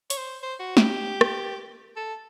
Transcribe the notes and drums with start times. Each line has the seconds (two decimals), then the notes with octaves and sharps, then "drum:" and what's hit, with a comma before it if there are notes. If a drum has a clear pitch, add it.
0.10 C#5, drum: hi-hat
0.17 C5
0.42 C5
0.60 F#4
0.77 G4, drum: snare
1.21 drum: rim click
1.96 A4